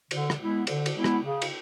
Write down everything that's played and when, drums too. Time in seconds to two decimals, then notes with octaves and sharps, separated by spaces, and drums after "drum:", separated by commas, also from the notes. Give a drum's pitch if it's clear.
0.11 D3, drum: cymbal
0.30 drum: rim click
0.40 G#3 B3 E4
0.67 D3, drum: cymbal
0.86 drum: cymbal
0.95 G#3 B3 E4
1.04 drum: rim click
1.23 C#3
1.42 drum: cymbal